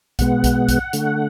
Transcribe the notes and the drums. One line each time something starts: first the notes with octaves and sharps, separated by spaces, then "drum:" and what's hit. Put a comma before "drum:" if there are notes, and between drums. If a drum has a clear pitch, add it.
B2 G#3 B3 F#5, drum: kick B1, hi-hat
drum: kick B1, hi-hat
drum: kick B1, hi-hat
D3 A3, drum: hi-hat